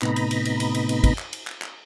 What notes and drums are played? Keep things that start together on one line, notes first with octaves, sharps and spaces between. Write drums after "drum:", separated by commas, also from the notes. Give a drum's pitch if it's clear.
A2 C3 B3 D#4 A#5 B5, drum: clap
drum: cymbal
drum: cymbal
drum: cymbal
drum: cymbal
drum: cymbal
drum: cymbal
drum: kick, cymbal
drum: clap
drum: cymbal
drum: clap
drum: clap